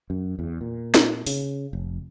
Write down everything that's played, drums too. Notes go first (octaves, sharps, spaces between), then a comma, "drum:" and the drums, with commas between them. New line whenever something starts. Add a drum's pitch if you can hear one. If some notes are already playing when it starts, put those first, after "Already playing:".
F#2
E2
A#2
drum: snare D#4
C#3, drum: open hi-hat
F1